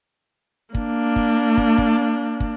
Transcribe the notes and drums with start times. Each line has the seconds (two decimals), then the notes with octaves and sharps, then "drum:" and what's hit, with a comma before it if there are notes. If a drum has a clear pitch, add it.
0.75 A#3 D4, drum: kick
1.16 drum: kick
1.57 drum: kick
1.78 drum: kick
2.40 drum: kick